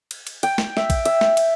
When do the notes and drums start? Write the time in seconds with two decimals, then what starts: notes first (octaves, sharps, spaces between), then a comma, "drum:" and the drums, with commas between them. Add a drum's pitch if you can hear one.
0.11 drum: cymbal
0.27 drum: cymbal
0.43 G5, drum: cymbal
0.58 drum: snare
0.77 E5, drum: snare
0.90 drum: kick A#1, cymbal
1.05 E5, drum: cymbal
1.21 drum: snare
1.37 drum: cymbal